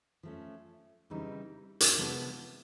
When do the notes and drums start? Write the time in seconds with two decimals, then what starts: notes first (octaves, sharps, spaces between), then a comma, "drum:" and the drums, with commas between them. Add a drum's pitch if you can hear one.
0.23 F3 A3 C#4
1.10 C#3 E3 G3 C4 D#4
1.80 drum: hi-hat
1.97 C3 F3 G#3 B3 D4